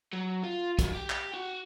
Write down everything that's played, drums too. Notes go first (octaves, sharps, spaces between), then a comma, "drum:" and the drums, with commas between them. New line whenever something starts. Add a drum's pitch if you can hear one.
F#3
F4
D#3 F#3, drum: kick, hi-hat
G4 G5
drum: clap
F#4